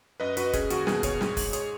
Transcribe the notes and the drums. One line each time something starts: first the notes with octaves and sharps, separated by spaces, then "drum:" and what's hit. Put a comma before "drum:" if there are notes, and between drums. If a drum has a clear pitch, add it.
F#2 B4 D#5
F#2 F#4 B4, drum: hi-hat
C#4 G#4, drum: kick, hi-hat
D#2 F#4, drum: hi-hat
B2 G#4, drum: snare
B2 G#4 C#5, drum: kick, hi-hat
G#2, drum: snare
G#2, drum: kick, open hi-hat
G#4 C#5, drum: hi-hat